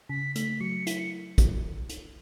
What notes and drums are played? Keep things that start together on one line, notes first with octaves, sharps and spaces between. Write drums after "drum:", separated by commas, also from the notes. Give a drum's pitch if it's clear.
C#3 B6
A3 B6, drum: hi-hat
F#3 C#7
E4 B6, drum: hi-hat
C#7
drum: kick, hi-hat
drum: hi-hat